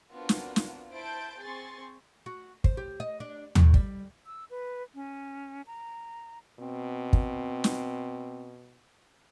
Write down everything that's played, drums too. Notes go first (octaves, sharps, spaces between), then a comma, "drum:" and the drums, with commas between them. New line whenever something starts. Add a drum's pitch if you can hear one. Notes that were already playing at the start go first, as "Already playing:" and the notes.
B3 C4 D4 F4 F#4 A#4
drum: snare
drum: snare
E4 C5 A5 G6 D7
C4 G#4 G#5 C6 C#6 A6
F#4
C5, drum: kick
G4
D#5
D4
A2, drum: tom D#2
G3, drum: kick
E6
B4
C#4
A#5
B2 C4
drum: kick
drum: snare